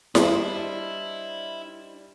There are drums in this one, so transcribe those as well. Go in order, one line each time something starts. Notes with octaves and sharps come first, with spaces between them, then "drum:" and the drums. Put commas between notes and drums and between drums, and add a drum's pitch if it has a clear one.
G3 D4 E4 C5 D#5 A5, drum: snare E4